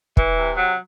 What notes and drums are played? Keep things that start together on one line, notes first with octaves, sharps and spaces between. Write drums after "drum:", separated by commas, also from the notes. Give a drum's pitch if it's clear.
E3, drum: kick
C3
F#3